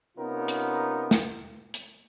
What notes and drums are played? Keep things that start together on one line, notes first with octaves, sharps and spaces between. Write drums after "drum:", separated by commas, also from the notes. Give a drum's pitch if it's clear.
C3 B3 C#4 D#4 F4 A#4
drum: hi-hat
drum: snare
drum: hi-hat